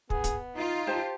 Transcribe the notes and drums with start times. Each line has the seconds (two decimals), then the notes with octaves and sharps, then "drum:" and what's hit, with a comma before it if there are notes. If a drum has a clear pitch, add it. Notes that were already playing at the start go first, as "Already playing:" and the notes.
0.10 B3 G#4, drum: kick
0.24 drum: kick, hi-hat
0.56 D#4 F4
0.87 G4 C5 A5